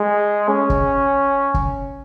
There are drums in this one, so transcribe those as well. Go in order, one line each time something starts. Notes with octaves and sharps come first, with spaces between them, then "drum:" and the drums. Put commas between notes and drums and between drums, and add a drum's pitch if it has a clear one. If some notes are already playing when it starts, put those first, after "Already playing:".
Already playing: G#3
C#4
drum: kick
drum: kick